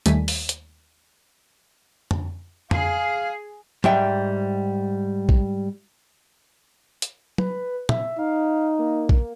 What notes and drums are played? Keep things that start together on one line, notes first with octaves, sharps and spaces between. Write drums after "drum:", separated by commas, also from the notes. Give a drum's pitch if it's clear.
D#2 D#3 G3 A3 G#5 B6, drum: hi-hat
drum: open hi-hat
drum: hi-hat
drum: tom F2
G#4 F5, drum: tom F2
G#2 G3 E5 G5, drum: tom F#3
drum: kick A#1
drum: hi-hat
B4, drum: tom F#3
E5, drum: tom
D#4 F5
A#3
drum: kick A#1